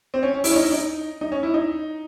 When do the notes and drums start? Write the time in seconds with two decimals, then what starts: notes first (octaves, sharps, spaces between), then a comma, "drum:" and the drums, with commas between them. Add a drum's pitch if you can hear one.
0.14 C4
0.23 C#4
0.34 C#4
0.44 E4, drum: open hi-hat
0.51 C#4
0.56 D#4
0.71 D#4
1.21 D#4
1.32 C#4
1.43 E4
1.54 D#4